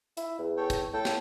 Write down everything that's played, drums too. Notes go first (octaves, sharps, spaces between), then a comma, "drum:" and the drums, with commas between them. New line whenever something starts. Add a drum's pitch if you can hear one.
E4, drum: hi-hat
E2
A4 C#5 G5
drum: kick, hi-hat
A2 A4 G5
drum: snare